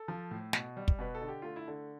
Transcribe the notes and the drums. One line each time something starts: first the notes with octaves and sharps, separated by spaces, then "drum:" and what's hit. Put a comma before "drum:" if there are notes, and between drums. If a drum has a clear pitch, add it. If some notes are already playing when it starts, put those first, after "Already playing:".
Already playing: A4
F3
A2
B2, drum: snare
G3
drum: kick
B2 B4
A4
D3
G4
A3 F4
E4
D3